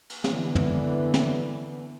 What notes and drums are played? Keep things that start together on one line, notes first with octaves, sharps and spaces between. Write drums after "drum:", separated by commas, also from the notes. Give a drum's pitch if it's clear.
drum: cymbal
D3 E3 B3, drum: snare
drum: tom
drum: snare